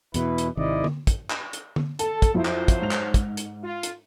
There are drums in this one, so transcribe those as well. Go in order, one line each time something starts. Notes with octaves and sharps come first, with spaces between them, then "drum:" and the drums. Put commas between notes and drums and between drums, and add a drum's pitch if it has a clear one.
E2 B2 E4 B4, drum: hi-hat
drum: hi-hat
G#1 C3 D#3 E4 D5 D#5
drum: tom D3
drum: kick, hi-hat
drum: clap
drum: hi-hat
drum: tom D3
A4 A5, drum: hi-hat
drum: kick, hi-hat
F2 F3 F#3 E4 C5
drum: clap
drum: kick, hi-hat
G#2 F7
drum: clap
drum: kick, hi-hat
drum: hi-hat
F4
drum: hi-hat